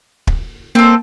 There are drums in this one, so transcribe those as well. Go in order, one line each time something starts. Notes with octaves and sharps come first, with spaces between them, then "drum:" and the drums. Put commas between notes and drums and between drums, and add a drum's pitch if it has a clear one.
drum: kick
A#3 C4 A4